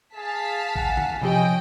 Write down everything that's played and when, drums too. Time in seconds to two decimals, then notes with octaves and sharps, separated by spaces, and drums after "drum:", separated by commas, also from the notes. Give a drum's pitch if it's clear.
0.15 G#4 F5 A5 B6
0.76 F#5 G#5, drum: kick A1
0.97 drum: tom C#3
1.22 C3 F3 C#4 G4 D#5 G5